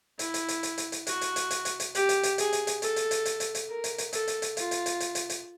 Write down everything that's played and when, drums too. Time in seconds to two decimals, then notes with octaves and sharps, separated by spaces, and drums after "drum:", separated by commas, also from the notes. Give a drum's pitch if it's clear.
0.19 E4, drum: hi-hat
0.34 drum: hi-hat
0.48 drum: hi-hat
0.63 drum: hi-hat
0.78 drum: hi-hat
0.92 drum: hi-hat
1.07 F#4, drum: hi-hat
1.21 drum: hi-hat
1.36 drum: hi-hat
1.50 drum: hi-hat
1.65 drum: hi-hat
1.80 drum: hi-hat
1.95 G4, drum: hi-hat
2.09 drum: hi-hat
2.23 drum: hi-hat
2.38 G#4, drum: hi-hat
2.53 drum: hi-hat
2.67 drum: hi-hat
2.82 A4, drum: hi-hat
2.96 drum: hi-hat
3.11 drum: hi-hat
3.25 drum: hi-hat
3.40 drum: hi-hat
3.55 drum: hi-hat
3.69 A#4
3.84 drum: hi-hat
3.98 drum: hi-hat
4.13 A4, drum: hi-hat
4.27 drum: hi-hat
4.42 drum: hi-hat
4.57 F4, drum: hi-hat
4.71 drum: hi-hat
4.86 drum: hi-hat
5.00 drum: hi-hat
5.15 drum: hi-hat
5.30 drum: hi-hat